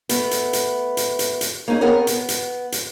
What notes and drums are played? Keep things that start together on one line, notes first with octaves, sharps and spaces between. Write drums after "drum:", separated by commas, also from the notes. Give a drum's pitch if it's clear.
A3 B3, drum: hi-hat
drum: hi-hat
drum: hi-hat
drum: hi-hat
drum: hi-hat
drum: hi-hat
A#3 C#4 D#4 G#4
B3 C4 G#4 A#4 C#5
B3, drum: hi-hat
drum: hi-hat
drum: hi-hat